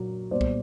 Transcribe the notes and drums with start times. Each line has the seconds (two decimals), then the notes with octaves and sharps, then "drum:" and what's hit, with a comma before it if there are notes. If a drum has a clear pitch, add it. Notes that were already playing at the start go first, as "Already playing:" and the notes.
Already playing: A#2 F#3 A#3
0.31 A#2 G3 B3 C5 D5
0.41 drum: kick